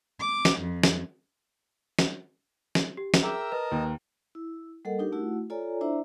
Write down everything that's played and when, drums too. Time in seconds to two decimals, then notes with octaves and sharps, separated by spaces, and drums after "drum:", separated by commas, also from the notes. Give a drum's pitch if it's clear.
0.19 D6
0.45 drum: snare
0.59 F2
0.83 drum: snare
1.99 drum: snare
2.75 drum: snare
2.97 G4
3.14 drum: snare
3.23 G#4 A#4 E5 G5 D6 E6
3.52 B4 D#5 A5
3.71 D#2
4.35 E4
4.85 G3 A#3 A4 A#4 D#5 F#5
4.99 D4 D#4 G4 A#4
5.12 A3 E4 F#4 F#5
5.50 F4 A4 C#5 D5 G#5 A#5
5.81 D4 E4 C5 D5 E5 A#5